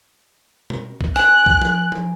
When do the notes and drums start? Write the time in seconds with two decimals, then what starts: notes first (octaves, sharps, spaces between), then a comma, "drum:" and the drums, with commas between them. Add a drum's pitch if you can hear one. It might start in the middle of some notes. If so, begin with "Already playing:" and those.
0.70 drum: tom
1.01 drum: kick
1.16 G#5 F#6, drum: rim click
1.46 drum: kick
1.62 drum: tom F3
1.92 drum: tom F3